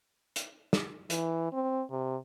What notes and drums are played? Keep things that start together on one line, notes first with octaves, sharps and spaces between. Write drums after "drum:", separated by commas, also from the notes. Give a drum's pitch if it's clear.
drum: hi-hat
drum: snare
E3, drum: hi-hat
C4
C3